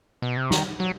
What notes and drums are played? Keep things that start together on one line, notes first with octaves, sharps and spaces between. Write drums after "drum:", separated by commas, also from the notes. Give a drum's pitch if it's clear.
B2
C3
D#3, drum: snare
F#3